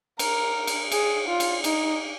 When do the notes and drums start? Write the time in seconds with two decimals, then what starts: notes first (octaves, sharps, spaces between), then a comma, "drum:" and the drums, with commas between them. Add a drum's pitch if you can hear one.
0.19 A#4, drum: cymbal
0.67 drum: cymbal
0.92 G#4, drum: cymbal
1.28 F4
1.40 drum: cymbal
1.64 D#4, drum: cymbal